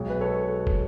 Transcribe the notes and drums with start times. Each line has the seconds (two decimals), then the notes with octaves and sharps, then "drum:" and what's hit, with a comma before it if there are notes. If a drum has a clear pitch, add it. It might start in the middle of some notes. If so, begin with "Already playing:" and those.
Already playing: B1 B2 G#3
0.09 B4
0.21 A4 C#5
0.67 drum: kick